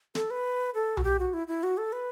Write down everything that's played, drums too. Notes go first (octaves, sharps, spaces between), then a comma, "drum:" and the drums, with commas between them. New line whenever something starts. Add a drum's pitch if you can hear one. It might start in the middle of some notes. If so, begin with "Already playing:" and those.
A4, drum: snare
B4
A4
F#4, drum: tom B1
G4
F#4
E4
E4
F#4
A4
B4